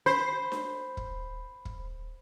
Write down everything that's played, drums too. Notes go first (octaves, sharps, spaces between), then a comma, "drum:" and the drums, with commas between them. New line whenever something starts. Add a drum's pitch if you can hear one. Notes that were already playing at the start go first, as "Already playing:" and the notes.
C5 B5
drum: snare D4
drum: kick
drum: kick